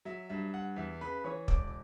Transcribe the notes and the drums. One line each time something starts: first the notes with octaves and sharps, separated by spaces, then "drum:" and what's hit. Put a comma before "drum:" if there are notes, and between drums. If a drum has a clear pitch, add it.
F#3 E5
G2 E5
G2 F#5
E2 E5
C#3 B4 B5
E3 C#5 C#6
E1 D5 D6, drum: kick
D6